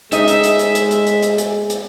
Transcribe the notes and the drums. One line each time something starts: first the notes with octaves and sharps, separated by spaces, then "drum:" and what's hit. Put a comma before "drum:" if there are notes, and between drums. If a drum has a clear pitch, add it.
G#3 D#4 D#5 E5, drum: hi-hat
drum: hi-hat
drum: hi-hat
drum: hi-hat
drum: hi-hat
drum: hi-hat
drum: hi-hat
drum: hi-hat
drum: hi-hat
drum: hi-hat